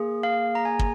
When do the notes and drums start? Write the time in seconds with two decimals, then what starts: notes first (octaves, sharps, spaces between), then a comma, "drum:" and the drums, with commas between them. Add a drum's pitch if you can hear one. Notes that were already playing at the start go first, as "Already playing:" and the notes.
Already playing: A#3 G#4
0.23 F5
0.55 A#5
0.65 G#5
0.79 drum: kick